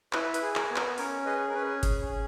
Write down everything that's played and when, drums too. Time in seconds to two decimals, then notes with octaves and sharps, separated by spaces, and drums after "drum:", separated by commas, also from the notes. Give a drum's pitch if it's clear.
0.13 E4 B4, drum: clap
0.34 B4, drum: hi-hat
0.42 G#4
0.56 A#4, drum: clap
0.70 B3
0.76 A#4, drum: clap
0.98 C#4 A#4 C#5, drum: open hi-hat
1.25 G#4 B4 D#5
1.49 A#4
1.54 C#4 B4
1.83 G#4, drum: kick G1, hi-hat
2.10 C#4